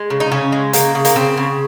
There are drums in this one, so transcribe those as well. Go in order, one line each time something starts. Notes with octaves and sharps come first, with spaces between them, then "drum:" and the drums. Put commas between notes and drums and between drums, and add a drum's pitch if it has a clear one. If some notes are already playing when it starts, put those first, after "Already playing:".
Already playing: G#3
C#3
D#4
C#3 C#4
G#3
C#3 A#3, drum: hi-hat
C#3
A#3, drum: hi-hat
C#3 C4
C#3